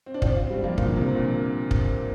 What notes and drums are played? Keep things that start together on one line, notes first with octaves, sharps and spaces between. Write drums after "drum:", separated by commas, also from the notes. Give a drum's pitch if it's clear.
C4
D4
C4 F4, drum: kick
C4 F4
G3 C4
F3 A#3
A#2 D3, drum: kick
C3 F3
A#2 D3
drum: kick